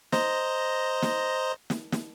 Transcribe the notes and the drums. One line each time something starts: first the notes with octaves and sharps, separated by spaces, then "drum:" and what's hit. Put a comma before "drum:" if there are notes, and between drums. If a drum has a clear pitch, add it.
C5 D#5 A#5, drum: snare
drum: snare
drum: snare
drum: snare